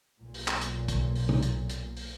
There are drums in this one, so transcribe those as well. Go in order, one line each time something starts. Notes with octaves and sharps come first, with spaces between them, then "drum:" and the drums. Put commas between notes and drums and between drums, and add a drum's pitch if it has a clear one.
B1 A#2
drum: open hi-hat
drum: clap
drum: hi-hat
drum: kick, hi-hat
drum: open hi-hat
drum: tom
drum: hi-hat
drum: hi-hat
drum: open hi-hat